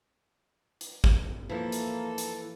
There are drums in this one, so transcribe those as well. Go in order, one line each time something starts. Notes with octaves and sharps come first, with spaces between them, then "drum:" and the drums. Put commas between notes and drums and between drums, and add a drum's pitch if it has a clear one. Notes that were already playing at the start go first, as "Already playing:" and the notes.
drum: hi-hat
drum: kick
E3 F3 A#3 E4 A4
drum: hi-hat
drum: hi-hat